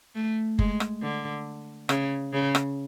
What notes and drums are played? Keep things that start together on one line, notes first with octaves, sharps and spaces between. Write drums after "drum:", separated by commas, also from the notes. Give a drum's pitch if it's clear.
A3
G#3, drum: kick F#1
drum: rim click
D3
C#3, drum: rim click
C#3
drum: rim click